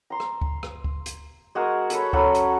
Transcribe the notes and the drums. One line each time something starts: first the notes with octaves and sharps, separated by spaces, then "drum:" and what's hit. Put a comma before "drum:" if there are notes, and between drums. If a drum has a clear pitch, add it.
A#5 C6
drum: rim click
drum: kick D2
drum: rim click
drum: kick D2
drum: hi-hat
G#3 F#4 G#4 A#4
A4 C#5 B5, drum: hi-hat
F#3 C#4 A4 B5, drum: kick D2
drum: hi-hat